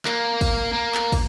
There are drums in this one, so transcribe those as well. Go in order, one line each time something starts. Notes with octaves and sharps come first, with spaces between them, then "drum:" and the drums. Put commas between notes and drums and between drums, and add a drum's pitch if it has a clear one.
A#3, drum: clap
drum: kick, cymbal
A#3
drum: clap
drum: kick, cymbal